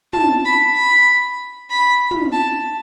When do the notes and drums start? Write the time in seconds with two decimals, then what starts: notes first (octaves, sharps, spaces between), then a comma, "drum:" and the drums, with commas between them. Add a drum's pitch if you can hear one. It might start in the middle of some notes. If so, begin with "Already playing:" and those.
0.13 A5, drum: tom
0.45 B5
0.76 B5
1.70 B5
2.11 drum: tom
2.32 A5